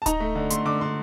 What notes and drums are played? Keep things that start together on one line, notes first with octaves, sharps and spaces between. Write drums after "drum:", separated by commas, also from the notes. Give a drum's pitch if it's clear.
A5
D#4 A#5, drum: kick D1, hi-hat
A3
D3
A3 C6, drum: hi-hat
D3 D6
D3 C6